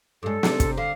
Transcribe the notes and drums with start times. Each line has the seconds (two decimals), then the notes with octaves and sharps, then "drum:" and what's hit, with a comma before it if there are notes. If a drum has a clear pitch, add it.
0.23 G2 G#3 A4
0.43 C3 G#3 D4, drum: snare
0.60 C3 C4, drum: kick, hi-hat
0.77 D3 F5